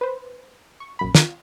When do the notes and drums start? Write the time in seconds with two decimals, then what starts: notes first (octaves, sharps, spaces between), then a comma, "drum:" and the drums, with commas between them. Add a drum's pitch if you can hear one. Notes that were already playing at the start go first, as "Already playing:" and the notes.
0.01 B4 C5
0.80 C#6
0.99 A#1 F#2 B5
1.15 F4, drum: snare